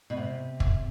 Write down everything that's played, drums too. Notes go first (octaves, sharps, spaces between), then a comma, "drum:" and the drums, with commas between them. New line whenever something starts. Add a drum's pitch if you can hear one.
B2
C3
drum: kick